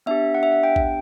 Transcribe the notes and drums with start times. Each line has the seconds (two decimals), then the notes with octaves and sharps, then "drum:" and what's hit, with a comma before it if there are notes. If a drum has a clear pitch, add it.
0.06 B3 D4 G4 E5
0.35 F#5
0.43 E5
0.52 F#5
0.63 G5
0.76 drum: kick A1